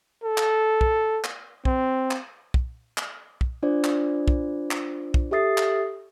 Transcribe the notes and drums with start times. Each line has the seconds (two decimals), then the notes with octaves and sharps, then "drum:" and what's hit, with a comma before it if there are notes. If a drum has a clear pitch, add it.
0.24 A4
0.38 drum: clap
0.81 drum: kick
1.24 drum: clap
1.65 C4, drum: kick
2.11 drum: clap
2.54 drum: kick
2.98 drum: clap
3.41 drum: kick
3.63 D4 F4 C5 D5
3.84 drum: clap
4.28 drum: kick
4.71 drum: clap
5.14 drum: kick
5.31 G4 A4 E5 D#6 A6 C7
5.58 drum: clap